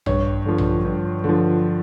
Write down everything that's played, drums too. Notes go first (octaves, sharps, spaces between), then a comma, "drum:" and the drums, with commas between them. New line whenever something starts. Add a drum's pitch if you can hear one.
G2 C#5, drum: tom A#1
D3 F3
drum: tom A#1
G2
D3 F3